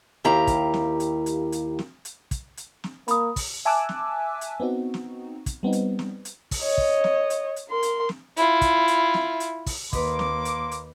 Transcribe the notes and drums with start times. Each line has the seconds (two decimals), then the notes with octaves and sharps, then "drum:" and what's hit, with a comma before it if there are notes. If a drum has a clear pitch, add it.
0.24 D#2 E4 G4 F5 A#5
0.47 drum: kick, hi-hat
0.74 drum: snare
1.00 drum: hi-hat
1.26 drum: hi-hat
1.52 drum: hi-hat
1.79 drum: snare
2.05 drum: hi-hat
2.31 drum: kick, hi-hat
2.57 drum: hi-hat
2.84 drum: snare
3.08 A#3 B5 D#6, drum: hi-hat
3.36 drum: kick, open hi-hat
3.65 E5 G#5 A5 D6 E6 F#6
3.89 drum: snare
4.41 drum: hi-hat
4.60 B3 C4 D#4 F#4
4.94 drum: snare
5.46 drum: kick, hi-hat
5.63 G3 B3 C4 D#4
5.73 drum: hi-hat
5.99 drum: snare
6.25 drum: hi-hat
6.51 drum: kick, open hi-hat
6.63 C#5 D#5
6.78 drum: kick
7.04 drum: snare
7.30 drum: hi-hat
7.56 drum: hi-hat
7.70 A#4 C6
7.83 drum: hi-hat
8.09 drum: snare
8.37 E4 F4, drum: hi-hat
8.61 drum: kick, hi-hat
8.88 drum: hi-hat
9.14 drum: snare
9.40 drum: hi-hat
9.66 drum: kick, open hi-hat
9.93 D#2 A#3 B4 D#5 C6 D6, drum: kick, hi-hat
10.19 drum: snare
10.45 drum: hi-hat
10.71 drum: hi-hat